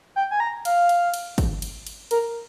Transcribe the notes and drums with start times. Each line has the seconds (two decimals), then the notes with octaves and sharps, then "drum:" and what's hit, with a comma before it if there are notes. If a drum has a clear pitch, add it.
0.16 G5
0.31 G#5
0.40 A#5
0.65 F5, drum: cymbal
0.89 drum: cymbal
1.14 drum: cymbal
1.38 drum: kick, cymbal
1.62 drum: cymbal
1.87 drum: cymbal
2.11 A#4, drum: cymbal